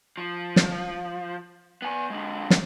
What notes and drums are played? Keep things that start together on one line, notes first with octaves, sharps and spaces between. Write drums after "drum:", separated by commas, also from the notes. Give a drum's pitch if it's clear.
F3
drum: snare
B3 G#5
D3 G#3
drum: snare